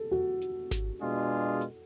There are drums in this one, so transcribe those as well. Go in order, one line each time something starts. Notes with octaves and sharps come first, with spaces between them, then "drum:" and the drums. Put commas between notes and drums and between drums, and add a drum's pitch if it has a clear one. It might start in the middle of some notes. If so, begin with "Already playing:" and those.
Already playing: A4
F#4
drum: hi-hat
drum: snare G#1
B2 G#3 D4 F4 G#4
drum: hi-hat